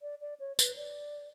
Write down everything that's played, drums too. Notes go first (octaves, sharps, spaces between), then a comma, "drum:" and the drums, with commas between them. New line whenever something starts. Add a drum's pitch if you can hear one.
D5
D5
C#5
B4, drum: tambourine
D5